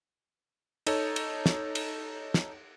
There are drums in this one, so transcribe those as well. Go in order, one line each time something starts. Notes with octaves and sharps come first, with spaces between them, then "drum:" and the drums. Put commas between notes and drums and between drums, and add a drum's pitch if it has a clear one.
D#4 A4 C#5, drum: cymbal
drum: cymbal
drum: snare
drum: cymbal
drum: snare